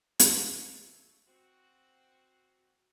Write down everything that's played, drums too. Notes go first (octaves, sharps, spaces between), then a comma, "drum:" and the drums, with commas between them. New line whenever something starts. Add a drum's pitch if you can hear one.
A4, drum: hi-hat
A3 A#3 A4 C#5
C4 F#4